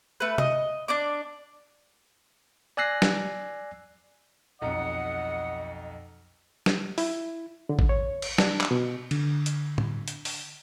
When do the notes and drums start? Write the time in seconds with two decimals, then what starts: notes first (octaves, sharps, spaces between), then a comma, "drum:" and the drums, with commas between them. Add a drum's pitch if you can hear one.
0.20 A3 B4
0.38 D#5, drum: tom
0.88 D4 D5 D6
2.77 D5 G#5 E6 F#6 A#6 C7
3.02 drum: snare
4.61 B1 F2 D#5 F#5 A#5
6.66 drum: snare
6.98 E4, drum: open hi-hat
7.69 D3
7.79 drum: kick A1
7.89 C#5
8.22 drum: cymbal
8.38 D4, drum: snare
8.61 drum: clap
8.71 B2
9.11 D3, drum: cymbal
9.46 drum: hi-hat
9.78 drum: tom A2
10.08 drum: hi-hat
10.25 drum: open hi-hat